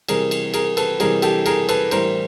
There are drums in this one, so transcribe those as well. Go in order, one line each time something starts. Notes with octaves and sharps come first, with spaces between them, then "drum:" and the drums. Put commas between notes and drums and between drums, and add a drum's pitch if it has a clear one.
C3 E3 G3 G#4 A#4, drum: cymbal
drum: cymbal
G#4 A#4, drum: cymbal
A4 B4, drum: cymbal
C3 E3 G3 G#4 A#4, drum: cymbal
G4 A4, drum: cymbal
G#4 A#4, drum: cymbal
A4 B4, drum: cymbal
A2 E3 G3 A#4 C5, drum: cymbal